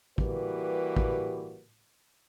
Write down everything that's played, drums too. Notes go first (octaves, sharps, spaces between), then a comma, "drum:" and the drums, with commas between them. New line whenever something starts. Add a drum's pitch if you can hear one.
E3 G3 A#3 F#4 G4 B4, drum: kick
drum: kick